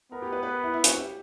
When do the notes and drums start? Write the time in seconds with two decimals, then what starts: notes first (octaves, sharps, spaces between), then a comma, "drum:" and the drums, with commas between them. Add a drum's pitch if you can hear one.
0.12 B3 A#4
0.22 G4
0.32 B4
0.43 B4
0.64 E4
0.74 E4
0.84 F#4, drum: hi-hat
0.94 G4